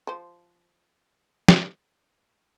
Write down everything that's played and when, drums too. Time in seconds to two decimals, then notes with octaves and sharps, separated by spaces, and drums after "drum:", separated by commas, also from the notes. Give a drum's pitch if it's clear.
0.07 F3 C5
1.48 drum: snare